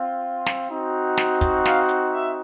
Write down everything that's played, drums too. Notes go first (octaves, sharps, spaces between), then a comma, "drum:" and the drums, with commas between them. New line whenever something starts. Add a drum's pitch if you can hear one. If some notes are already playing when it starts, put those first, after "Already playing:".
Already playing: C4 F4
drum: snare
C4 D#4 F#4
drum: snare
drum: kick, hi-hat
F5, drum: snare
drum: hi-hat
E5